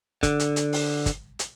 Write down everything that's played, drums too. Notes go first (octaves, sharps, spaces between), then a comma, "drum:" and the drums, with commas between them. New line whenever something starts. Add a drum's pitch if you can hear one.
D3, drum: kick, hi-hat
drum: hi-hat
drum: hi-hat
drum: open hi-hat
drum: kick, hi-hat
drum: hi-hat